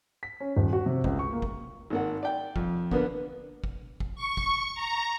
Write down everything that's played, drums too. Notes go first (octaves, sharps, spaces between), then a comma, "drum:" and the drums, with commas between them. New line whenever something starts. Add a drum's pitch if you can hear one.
B6
C#4
D#1
F#4
C3
C#2, drum: kick
C#6
A#3
drum: kick
G#1 A#3 F#5
D5 G5
F2, drum: kick
D3 A#3 B3, drum: kick
drum: kick
drum: kick
C#6
drum: kick
A#5